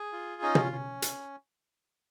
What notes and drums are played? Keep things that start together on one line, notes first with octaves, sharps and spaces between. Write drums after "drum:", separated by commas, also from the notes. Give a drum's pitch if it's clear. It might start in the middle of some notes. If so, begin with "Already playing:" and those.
Already playing: G#4
F4
C#4 D#4 D#5
drum: tom
C#4
drum: hi-hat